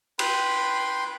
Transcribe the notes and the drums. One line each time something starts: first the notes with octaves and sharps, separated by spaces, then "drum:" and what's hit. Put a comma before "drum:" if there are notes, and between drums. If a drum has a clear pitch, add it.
B4 G5 B5 C6, drum: cymbal